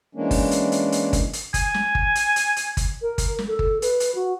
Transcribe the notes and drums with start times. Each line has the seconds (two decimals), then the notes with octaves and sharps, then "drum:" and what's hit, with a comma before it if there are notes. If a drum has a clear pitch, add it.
0.15 E3 G#3 A#3 C#4 D4
0.31 drum: kick G1, open hi-hat
0.51 drum: hi-hat
0.72 drum: hi-hat
0.92 drum: hi-hat
1.13 drum: kick G1, hi-hat
1.33 drum: hi-hat
1.54 G#5, drum: kick G1, hi-hat
1.74 drum: snare
1.95 drum: kick G1
2.15 drum: hi-hat
2.36 drum: hi-hat
2.56 drum: hi-hat
2.77 drum: kick G1, hi-hat
3.02 A#4
3.18 drum: kick G1, hi-hat
3.39 drum: snare
3.48 A4
3.59 drum: kick G1
3.82 B4, drum: hi-hat
4.00 drum: hi-hat
4.15 F#4